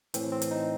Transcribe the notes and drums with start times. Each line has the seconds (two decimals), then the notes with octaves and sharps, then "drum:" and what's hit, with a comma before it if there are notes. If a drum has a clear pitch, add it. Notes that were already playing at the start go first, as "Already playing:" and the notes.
0.14 A2 E3 C4, drum: hi-hat
0.32 C4
0.42 drum: hi-hat
0.51 D#4